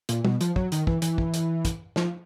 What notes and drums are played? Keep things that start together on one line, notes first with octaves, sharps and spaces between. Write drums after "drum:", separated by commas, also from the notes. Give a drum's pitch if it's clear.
A#2, drum: hi-hat
B2, drum: tom
F3, drum: hi-hat
F#3, drum: kick
D#3, drum: hi-hat
E3, drum: kick
E3, drum: hi-hat
drum: kick
drum: hi-hat
drum: kick, hi-hat
F3, drum: snare